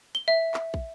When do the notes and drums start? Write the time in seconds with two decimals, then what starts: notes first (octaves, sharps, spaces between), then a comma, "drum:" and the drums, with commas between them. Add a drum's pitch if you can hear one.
0.15 G7
0.28 E5
0.54 drum: clap
0.74 drum: kick